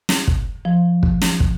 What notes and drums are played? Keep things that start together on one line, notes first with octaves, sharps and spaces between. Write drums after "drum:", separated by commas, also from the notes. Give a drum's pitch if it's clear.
drum: snare
drum: kick
F3
drum: kick
drum: snare
drum: kick